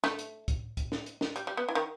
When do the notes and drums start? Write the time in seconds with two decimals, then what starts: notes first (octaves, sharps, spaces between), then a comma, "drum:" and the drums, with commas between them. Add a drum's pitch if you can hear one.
0.04 A3, drum: snare
0.19 drum: hi-hat
0.48 drum: kick, hi-hat
0.77 drum: kick, hi-hat
0.92 drum: snare
1.06 drum: hi-hat
1.21 drum: snare
1.36 G3, drum: hi-hat
1.47 G3
1.57 B3
1.69 E3
1.75 D#3